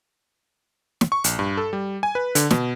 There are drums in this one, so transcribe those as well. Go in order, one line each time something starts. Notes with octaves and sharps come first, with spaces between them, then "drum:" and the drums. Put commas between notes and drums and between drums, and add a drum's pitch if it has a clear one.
drum: snare
C#6
A#1, drum: hi-hat
G2
A4
G3
G#5
B4
D3, drum: hi-hat
B2, drum: snare